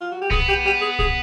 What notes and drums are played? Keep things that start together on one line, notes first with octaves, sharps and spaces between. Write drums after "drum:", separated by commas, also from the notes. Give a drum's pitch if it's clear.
F4
F#4
G4
B3 G#4, drum: kick
G4
G4
G#4
G#4, drum: kick